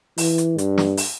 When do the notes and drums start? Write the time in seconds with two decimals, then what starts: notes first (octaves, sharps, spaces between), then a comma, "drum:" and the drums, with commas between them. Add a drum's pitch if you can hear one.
0.18 E3, drum: open hi-hat
0.38 drum: hi-hat
0.58 G2, drum: hi-hat
0.78 drum: snare
0.97 drum: open hi-hat